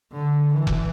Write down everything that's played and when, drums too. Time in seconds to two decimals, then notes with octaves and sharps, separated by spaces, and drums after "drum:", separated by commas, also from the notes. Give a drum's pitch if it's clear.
0.13 D3
0.55 E3
0.67 drum: kick F1